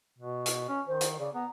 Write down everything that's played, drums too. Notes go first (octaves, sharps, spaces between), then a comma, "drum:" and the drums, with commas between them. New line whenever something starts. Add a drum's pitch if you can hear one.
B2
drum: hi-hat
C#4
D#3 C5
drum: hi-hat
C#3 D5
B3 A#5